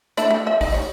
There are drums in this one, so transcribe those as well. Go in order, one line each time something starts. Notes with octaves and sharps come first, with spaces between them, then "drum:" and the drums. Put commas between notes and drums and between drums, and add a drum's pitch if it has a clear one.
A3 D4 E4, drum: hi-hat
A3
F3 E5
D#4 D#5, drum: kick, open hi-hat
G3 C#5